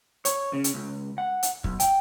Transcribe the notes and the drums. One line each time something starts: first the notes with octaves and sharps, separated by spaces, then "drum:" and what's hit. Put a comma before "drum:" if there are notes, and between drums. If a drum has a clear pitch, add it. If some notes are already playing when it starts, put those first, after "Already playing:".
C#5, drum: hi-hat
C#3
drum: hi-hat
C#2
F#5
drum: hi-hat
B1, drum: kick
G5, drum: hi-hat